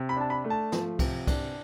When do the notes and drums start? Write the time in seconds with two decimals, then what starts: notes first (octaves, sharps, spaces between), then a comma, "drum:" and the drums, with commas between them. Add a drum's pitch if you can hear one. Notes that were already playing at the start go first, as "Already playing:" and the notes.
Already playing: C3
0.09 B5
0.17 D4 A5
0.30 B5
0.44 A3
0.50 A5
0.72 F3, drum: snare
0.99 C3, drum: kick C2, cymbal
1.27 D4, drum: kick C2, cymbal